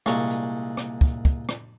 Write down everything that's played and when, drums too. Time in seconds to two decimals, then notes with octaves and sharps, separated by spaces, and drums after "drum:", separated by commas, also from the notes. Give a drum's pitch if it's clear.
0.06 C2 A#2 G#3 D4 C#6, drum: rim click
0.30 drum: hi-hat
0.77 drum: rim click
1.01 drum: kick
1.25 drum: kick, hi-hat
1.49 drum: rim click